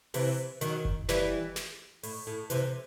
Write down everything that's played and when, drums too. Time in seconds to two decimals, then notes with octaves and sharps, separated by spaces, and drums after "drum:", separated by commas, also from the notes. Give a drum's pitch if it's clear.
0.14 C3 E3, drum: open hi-hat
0.61 D#3 F#3, drum: hi-hat
0.85 drum: kick F#1
1.09 E3 G3, drum: snare
1.56 drum: snare
2.03 A2, drum: open hi-hat
2.27 A2
2.50 C3 E3, drum: hi-hat